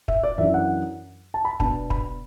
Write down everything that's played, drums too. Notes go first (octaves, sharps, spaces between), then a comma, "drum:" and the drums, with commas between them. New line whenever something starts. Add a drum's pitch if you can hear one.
E5, drum: kick
D5
F#2 E3 D4 E5
F#5
A5
B5
B2 B3 D4 A5, drum: kick
B5, drum: kick